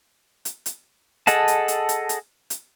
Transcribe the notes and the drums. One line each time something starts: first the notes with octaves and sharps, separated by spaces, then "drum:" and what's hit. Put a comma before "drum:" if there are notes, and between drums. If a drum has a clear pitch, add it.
drum: hi-hat
drum: hi-hat
G#4 A4 D#5 F#5 A5, drum: hi-hat
drum: hi-hat
drum: hi-hat
drum: hi-hat
drum: hi-hat
drum: hi-hat